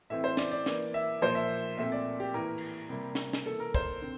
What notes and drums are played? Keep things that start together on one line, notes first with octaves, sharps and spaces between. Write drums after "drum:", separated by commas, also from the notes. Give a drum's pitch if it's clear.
A2 E3 A3 C4 E5
C5
D5, drum: snare
D5
E3 A#3, drum: snare
E5
A#2 F3 A#3 C5
E5
A#2 A3 C4 E5
D5
G4
A2 E3 A#3 A#4
drum: cymbal
C3 G3 A#3
drum: snare
drum: snare
E3 A#3 A4
A#4
C5, drum: kick
D3 C4